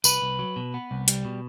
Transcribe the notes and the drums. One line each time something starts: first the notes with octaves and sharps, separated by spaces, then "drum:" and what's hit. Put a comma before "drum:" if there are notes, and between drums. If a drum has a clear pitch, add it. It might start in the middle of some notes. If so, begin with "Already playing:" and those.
C2 B4, drum: tambourine
C2
F#3
B2
B3
C2
G3, drum: hi-hat
B2